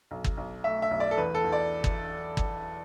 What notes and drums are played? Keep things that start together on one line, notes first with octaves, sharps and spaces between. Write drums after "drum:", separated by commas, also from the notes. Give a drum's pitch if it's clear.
B1
drum: kick G1
B1
A3 E5
E5
B1
D5
A4
E2 B4
A4
E2
D5
drum: kick G1
drum: kick G1